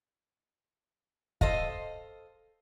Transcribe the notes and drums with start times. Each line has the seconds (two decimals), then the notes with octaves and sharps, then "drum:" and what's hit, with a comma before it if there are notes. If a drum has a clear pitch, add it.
1.41 A4 C5 D#5 F5, drum: kick